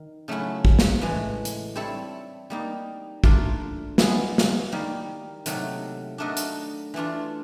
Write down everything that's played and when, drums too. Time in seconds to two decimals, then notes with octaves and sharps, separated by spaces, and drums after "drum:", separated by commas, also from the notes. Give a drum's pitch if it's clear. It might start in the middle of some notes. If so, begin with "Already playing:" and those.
Already playing: D#3
0.28 C#3 F#3 A3 C#4 E4
0.65 drum: kick
0.79 drum: snare
1.01 A2 E3 G#3
1.45 drum: hi-hat
1.75 G3 C4 E4 A4 C#5
2.50 G3 A#3 D#4
3.24 A3 D4 F4 A#4, drum: kick
3.98 F3 G#3 B3 E4, drum: snare
4.38 drum: snare
4.72 D#3 G3 A#3
5.46 C3 D#3 F#3 A3, drum: hi-hat
6.18 A3 D4 F#4 A#4 D#5
6.37 drum: hi-hat
6.94 E3 A3 D4 F4